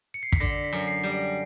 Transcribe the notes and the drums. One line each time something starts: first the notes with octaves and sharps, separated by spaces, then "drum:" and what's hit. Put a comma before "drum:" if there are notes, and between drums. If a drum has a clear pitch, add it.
C#7
C7
B6, drum: kick
D3 A#6
B6
F#2
C7
G3
D7